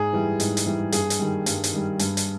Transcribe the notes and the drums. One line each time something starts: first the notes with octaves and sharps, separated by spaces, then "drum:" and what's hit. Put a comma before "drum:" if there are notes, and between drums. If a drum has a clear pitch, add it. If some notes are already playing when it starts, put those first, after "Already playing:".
Already playing: G#2 G#4
E3 G3
G#2, drum: hi-hat
drum: hi-hat
E3 G3
G2 G#4, drum: hi-hat
drum: hi-hat
D#3 G3
G2, drum: hi-hat
drum: hi-hat
D#3 G3
G2, drum: hi-hat
drum: hi-hat